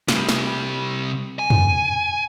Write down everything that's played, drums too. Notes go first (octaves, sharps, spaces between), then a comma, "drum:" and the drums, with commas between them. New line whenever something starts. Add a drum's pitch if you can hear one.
C3 G3, drum: snare
drum: snare
G#5
drum: tom